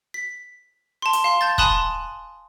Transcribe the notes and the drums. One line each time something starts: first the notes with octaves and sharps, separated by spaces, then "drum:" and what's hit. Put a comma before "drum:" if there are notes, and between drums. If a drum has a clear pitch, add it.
B6
A5 C6
drum: hi-hat
F5 C6
A5 G6 A6
G#5 A5 B5 C6 D#6 F#6, drum: kick